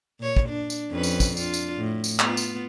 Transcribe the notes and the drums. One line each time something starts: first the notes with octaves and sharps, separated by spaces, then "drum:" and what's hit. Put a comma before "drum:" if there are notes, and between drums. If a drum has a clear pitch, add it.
A#2 C#5
drum: kick
D4
drum: tambourine
F2 C#4 B4
drum: tambourine
drum: kick, tambourine
D4 F4, drum: tambourine
drum: tambourine
A2
drum: tambourine
B3 F4, drum: clap
drum: tambourine